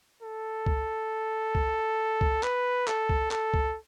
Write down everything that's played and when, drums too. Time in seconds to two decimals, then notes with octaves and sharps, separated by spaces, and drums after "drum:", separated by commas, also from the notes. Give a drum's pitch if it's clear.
0.22 A4
0.66 drum: kick C#2
1.55 drum: kick C#2
2.21 drum: kick C#2
2.43 B4, drum: clap
2.88 A4, drum: clap
3.09 drum: kick C#2
3.31 A4, drum: clap
3.54 drum: kick C#2